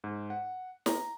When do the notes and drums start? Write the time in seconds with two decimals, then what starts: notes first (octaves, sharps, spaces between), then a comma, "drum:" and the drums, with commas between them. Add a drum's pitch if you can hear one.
0.04 G#2
0.30 F#5
0.86 A#5, drum: snare